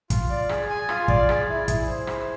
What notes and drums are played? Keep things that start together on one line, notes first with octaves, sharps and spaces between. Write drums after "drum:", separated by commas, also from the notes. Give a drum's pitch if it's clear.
F4, drum: kick, hi-hat
D5
G#4, drum: rim click
G#5
F4, drum: rim click
D5, drum: kick
G#4, drum: rim click
E4
E4, drum: kick, hi-hat
C5
G#4, drum: rim click